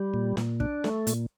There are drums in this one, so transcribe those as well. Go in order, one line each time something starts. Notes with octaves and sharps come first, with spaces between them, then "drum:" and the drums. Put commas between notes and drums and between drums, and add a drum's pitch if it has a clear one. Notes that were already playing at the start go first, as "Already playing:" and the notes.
Already playing: G3
A#2
A#2, drum: snare
D4, drum: kick
A3, drum: snare
A#2, drum: hi-hat